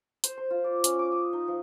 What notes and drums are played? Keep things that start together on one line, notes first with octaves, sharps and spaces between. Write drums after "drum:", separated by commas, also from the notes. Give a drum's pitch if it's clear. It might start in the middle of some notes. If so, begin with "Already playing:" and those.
C5, drum: hi-hat
C5
F4
D5
C#4, drum: hi-hat
D6
D#6
D#4
F3